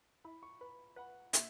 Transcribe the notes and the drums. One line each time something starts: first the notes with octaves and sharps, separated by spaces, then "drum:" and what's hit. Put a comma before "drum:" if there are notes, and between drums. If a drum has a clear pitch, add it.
E4 B5
C#6
B4 B5
B4 F#5
A#3 E5, drum: hi-hat